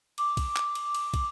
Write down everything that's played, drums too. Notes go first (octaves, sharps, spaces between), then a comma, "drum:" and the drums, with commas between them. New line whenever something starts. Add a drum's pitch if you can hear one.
D6, drum: cymbal
drum: kick, cymbal
drum: clap
drum: cymbal
drum: cymbal
drum: kick, cymbal